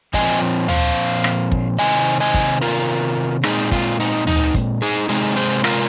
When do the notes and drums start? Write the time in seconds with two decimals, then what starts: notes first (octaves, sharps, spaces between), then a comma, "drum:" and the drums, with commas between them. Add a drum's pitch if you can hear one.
0.14 A#2 F3 C4 D#5 G#5, drum: kick, hi-hat
0.68 C5 F5, drum: tom
1.24 drum: rim click
1.52 drum: kick
1.79 C3 D#3 C4 D#5 G#5, drum: hi-hat
2.20 D#5 G#5
2.34 drum: kick, hi-hat
2.62 F4 A#4
3.43 A#2 G#3 C4 D#4 G#4, drum: rim click
3.72 F4, drum: kick
4.00 D#4, drum: hi-hat
4.27 D#4, drum: tom
4.54 drum: kick, hi-hat
4.82 D#4 G#4
5.09 C3 G#3 C4 D#4 G#4
5.36 G#4 C5
5.64 F4 A#4, drum: rim click